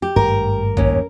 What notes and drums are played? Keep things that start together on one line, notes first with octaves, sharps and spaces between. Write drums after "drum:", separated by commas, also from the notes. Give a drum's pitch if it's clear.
G4
G#1 G2 A3 A#4
D#2 C#4, drum: kick A#1